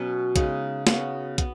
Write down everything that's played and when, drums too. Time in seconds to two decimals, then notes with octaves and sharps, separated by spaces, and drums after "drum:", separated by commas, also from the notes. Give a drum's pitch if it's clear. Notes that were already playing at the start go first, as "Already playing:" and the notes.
Already playing: B2 F#3 C#4 B4
0.36 C#3 G#3 D#4 B4, drum: kick, hi-hat
0.87 C#3 B3 F#4, drum: snare
1.38 B3, drum: kick, hi-hat